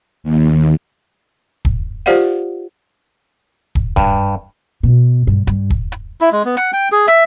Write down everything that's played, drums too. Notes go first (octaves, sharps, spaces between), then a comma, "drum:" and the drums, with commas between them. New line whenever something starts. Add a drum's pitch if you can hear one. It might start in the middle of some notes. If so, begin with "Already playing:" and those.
D#2
drum: kick
F4 G4 C5 D5 F5 F#5
drum: kick
G2, drum: kick
B2
G2
G2, drum: hi-hat
drum: kick
drum: hi-hat
E4
G#3
B3
F#5, drum: hi-hat
G5
G#4
E5, drum: hi-hat